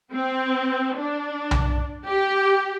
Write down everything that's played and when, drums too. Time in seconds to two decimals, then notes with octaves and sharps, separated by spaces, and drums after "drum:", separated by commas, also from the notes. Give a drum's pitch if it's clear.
0.13 C4
0.97 D4
1.51 drum: tom B1
2.05 G4